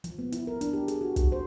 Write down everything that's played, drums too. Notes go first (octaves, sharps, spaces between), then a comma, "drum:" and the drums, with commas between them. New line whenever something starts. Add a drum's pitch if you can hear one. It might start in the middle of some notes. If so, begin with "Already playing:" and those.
F3, drum: hi-hat
B3
E4, drum: hi-hat
A#4
D4, drum: hi-hat
G4
G#4, drum: hi-hat
F#4
F#4, drum: kick, hi-hat
C5